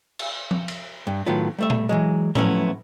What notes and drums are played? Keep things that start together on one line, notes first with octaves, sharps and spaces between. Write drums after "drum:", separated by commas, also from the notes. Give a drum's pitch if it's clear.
drum: cymbal
drum: tom F3
drum: cymbal
G2
A2 D#3 F#3 B3 F4
G3 A3 E5
drum: tom A#2
E3 F#3 G#3
F3 F#3 A3 B3 C#4 E4, drum: tom A2